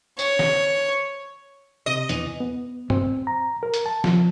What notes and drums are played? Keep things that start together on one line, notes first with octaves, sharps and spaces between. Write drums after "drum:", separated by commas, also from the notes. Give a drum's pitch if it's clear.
C#5, drum: tambourine
drum: snare
C3 D#5
E2 F7, drum: hi-hat
B3
C4, drum: tom
A#5
A#4
drum: hi-hat
A5
F3, drum: snare